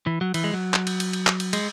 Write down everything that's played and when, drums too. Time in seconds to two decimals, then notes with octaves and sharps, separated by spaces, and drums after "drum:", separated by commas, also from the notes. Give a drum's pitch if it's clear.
0.07 E3
0.21 F#3
0.34 E3, drum: cymbal
0.44 G#3
0.54 F#3
0.74 drum: clap
0.87 drum: cymbal
1.00 drum: cymbal
1.13 drum: cymbal
1.27 drum: clap
1.40 drum: cymbal
1.53 G#3, drum: cymbal